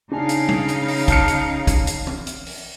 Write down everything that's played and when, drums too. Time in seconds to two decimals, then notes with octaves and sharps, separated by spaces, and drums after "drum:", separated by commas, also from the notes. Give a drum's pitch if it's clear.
0.12 C#3 D4 D#4 F5 G#5
0.29 drum: hi-hat
0.49 drum: tom G3
0.68 drum: hi-hat
0.88 drum: open hi-hat
1.08 A5 F6 C#7, drum: kick, hi-hat
1.28 drum: hi-hat
1.67 drum: kick, hi-hat
1.87 drum: hi-hat
2.07 drum: tom
2.27 drum: hi-hat
2.47 drum: open hi-hat